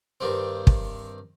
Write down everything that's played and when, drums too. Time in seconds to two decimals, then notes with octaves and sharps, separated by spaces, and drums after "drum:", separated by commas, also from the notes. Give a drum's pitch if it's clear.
0.21 G2 D#3 G3 C4
0.67 drum: kick